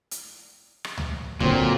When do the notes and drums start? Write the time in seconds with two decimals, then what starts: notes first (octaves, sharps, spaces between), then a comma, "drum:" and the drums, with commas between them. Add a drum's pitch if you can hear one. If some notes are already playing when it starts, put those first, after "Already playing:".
0.11 drum: hi-hat
0.84 drum: rim click
0.98 drum: tom C#2
1.40 A#2 D3 F#3 C4, drum: kick